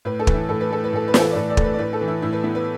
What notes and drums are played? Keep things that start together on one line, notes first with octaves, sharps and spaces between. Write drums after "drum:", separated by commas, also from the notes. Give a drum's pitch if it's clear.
A2 B4
A4
E3, drum: kick
E4
A2 A4
B4
A3 A4
B4
A2 A4
B4
E3, drum: snare
A4
D5
A2 B4
D5
A3, drum: kick
B4
D5
A2 B4
A4
E3
E4
A2 E4
B4
B3 E4
B4